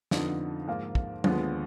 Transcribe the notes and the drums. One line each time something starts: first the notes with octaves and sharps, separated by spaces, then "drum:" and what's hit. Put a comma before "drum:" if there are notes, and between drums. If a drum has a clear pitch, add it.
F2 D3 F3 B3 D#4, drum: snare
G#2 F3 A#3 F4
drum: kick
D#2 D3 F3 G#3 B3, drum: tom F#3